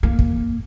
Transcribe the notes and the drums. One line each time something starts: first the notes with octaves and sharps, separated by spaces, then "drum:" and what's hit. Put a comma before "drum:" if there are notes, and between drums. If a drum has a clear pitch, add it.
A#3
drum: kick